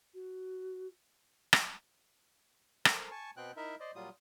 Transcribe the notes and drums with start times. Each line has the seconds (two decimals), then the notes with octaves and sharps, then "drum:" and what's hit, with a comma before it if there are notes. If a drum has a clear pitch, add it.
0.14 F#4
1.53 drum: rim click
2.85 A4 A#4 C5, drum: rim click
3.11 G#5 A5 C#6
3.37 B2 B3 C4 G5 F#6
3.57 D#4 E4 A#4 E5
3.80 C5 D5 D#5
3.95 A#2 F#3 G3 F4 D#6